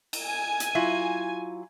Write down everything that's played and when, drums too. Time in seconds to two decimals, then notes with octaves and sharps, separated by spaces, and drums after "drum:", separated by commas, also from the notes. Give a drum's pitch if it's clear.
0.13 drum: cymbal
0.24 G#5
0.60 drum: hi-hat
0.75 F#3 E4 F4